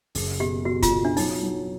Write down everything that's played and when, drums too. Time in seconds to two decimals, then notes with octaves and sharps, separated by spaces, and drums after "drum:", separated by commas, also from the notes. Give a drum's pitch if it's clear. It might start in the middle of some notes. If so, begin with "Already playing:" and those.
0.15 F#1, drum: open hi-hat
0.40 B2 G4
0.65 B2 F#4
0.82 F4, drum: kick, hi-hat
0.91 B2
1.05 D4
1.17 F#3 D#4, drum: open hi-hat
1.43 F#3